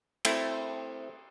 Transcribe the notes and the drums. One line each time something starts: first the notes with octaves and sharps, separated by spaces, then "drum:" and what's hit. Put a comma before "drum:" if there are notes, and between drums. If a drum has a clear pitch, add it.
A3 C4 E4, drum: cymbal